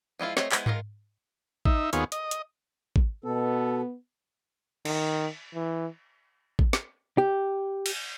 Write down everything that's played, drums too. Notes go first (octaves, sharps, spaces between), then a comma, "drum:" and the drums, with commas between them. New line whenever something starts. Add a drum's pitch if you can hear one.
F3 G#3 E4 F4
A3 C4 C#5 D#5, drum: snare
G#3 B3 E4 C5 G#5, drum: clap
D#3 G#3 F4 A#4, drum: tom G#2
D#4 E5, drum: kick
D#2 B3 F4 G#4 C#5, drum: hi-hat
D#5, drum: hi-hat
drum: hi-hat
drum: kick
B2 B3 A4
D#3, drum: cymbal
E3
drum: kick
drum: snare
G4
drum: cymbal